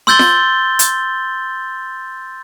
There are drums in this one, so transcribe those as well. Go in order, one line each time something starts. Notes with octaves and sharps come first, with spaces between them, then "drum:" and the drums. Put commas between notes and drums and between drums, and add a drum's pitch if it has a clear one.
C6 E6 G6 A6 G7
drum: snare F4
drum: hi-hat